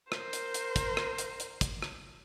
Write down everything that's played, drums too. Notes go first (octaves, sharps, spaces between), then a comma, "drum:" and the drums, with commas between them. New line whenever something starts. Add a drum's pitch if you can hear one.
A#4 C5, drum: rim click
drum: hi-hat
drum: hi-hat
drum: kick, hi-hat
drum: rim click
drum: hi-hat
drum: hi-hat
drum: kick, hi-hat
drum: rim click